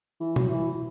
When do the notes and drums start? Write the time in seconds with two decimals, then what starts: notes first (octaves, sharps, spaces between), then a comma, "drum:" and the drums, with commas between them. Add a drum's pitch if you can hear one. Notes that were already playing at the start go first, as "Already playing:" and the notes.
0.21 E3
0.36 F#3, drum: tom
0.49 E3